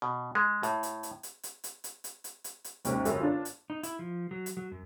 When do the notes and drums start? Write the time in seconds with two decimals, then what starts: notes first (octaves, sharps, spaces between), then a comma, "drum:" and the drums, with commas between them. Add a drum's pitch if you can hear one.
0.02 B2
0.35 G#3
0.63 A2, drum: hi-hat
0.83 drum: hi-hat
1.03 drum: hi-hat
1.23 drum: hi-hat
1.43 drum: hi-hat
1.64 drum: hi-hat
1.84 drum: hi-hat
2.04 drum: hi-hat
2.24 drum: hi-hat
2.44 drum: hi-hat
2.64 drum: hi-hat
2.85 D#2 G#2 C3 C#4, drum: hi-hat
3.05 G1 F#2 G#4, drum: hi-hat
3.20 D4 F4
3.45 drum: hi-hat
3.70 D#4
3.83 E4, drum: hi-hat
3.99 F3
4.31 F#3
4.46 drum: hi-hat
4.57 F#3
4.72 F#2